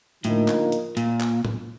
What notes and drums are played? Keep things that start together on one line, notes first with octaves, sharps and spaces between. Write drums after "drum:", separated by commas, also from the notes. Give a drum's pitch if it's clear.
A2 D3 F3 A#3 D#4, drum: hi-hat
drum: clap
drum: hi-hat
A#2, drum: hi-hat
drum: clap
drum: tom A2